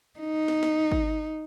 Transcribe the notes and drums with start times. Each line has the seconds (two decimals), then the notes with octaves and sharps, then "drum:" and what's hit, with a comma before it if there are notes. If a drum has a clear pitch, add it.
0.20 D#4
0.48 drum: snare
0.63 drum: snare
0.92 drum: kick G#1